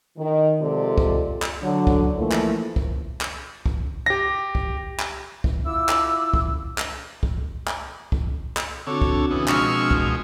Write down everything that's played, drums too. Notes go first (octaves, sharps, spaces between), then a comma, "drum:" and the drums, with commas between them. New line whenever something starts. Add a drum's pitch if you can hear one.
D#3
C3 F3 G#3 F4 A4 D5
drum: kick
drum: clap
D3 F#3
drum: kick
E3 F3 A3 A#3
drum: clap
drum: kick
drum: clap
drum: kick
G4 A#6
drum: kick
drum: clap
drum: kick
E4 F4 D6 E6
drum: clap
drum: kick
drum: clap
drum: kick
drum: clap
drum: kick
drum: clap
D3 C4 D4 F#4 A4 C#5
drum: kick
C#3 E3 B3
B2 F3 G#3 C#6 E6 F6, drum: clap
drum: kick